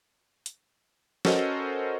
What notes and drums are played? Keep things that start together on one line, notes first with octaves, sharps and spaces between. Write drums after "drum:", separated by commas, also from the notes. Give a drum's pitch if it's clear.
drum: hi-hat
C#4 F#4 A4 A#4 C5 D#5, drum: snare